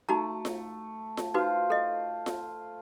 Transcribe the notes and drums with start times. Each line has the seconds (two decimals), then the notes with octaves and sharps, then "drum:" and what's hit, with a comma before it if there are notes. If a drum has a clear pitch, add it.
0.09 A3 D#4 F#4 A#5
0.45 drum: snare F4
1.17 drum: snare F4
1.34 D#4 F4 F#4 B4 C5
1.70 A4 D#5
2.26 drum: snare F4